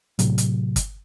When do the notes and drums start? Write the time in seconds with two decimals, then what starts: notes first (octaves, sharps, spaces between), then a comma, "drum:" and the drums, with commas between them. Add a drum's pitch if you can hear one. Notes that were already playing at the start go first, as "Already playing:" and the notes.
0.19 A2 C3 F#3, drum: hi-hat
0.38 drum: hi-hat
0.76 drum: kick G1, hi-hat